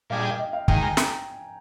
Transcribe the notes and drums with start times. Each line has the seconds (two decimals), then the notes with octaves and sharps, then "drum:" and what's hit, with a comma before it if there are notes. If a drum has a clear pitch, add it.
0.10 A#2 G3 D4 G#4 F5
0.20 G5
0.30 F5
0.39 D#5
0.53 F5
0.68 D#2 D#3 G#3 G5, drum: kick
0.76 A#5
0.83 G#5
0.97 A#5, drum: snare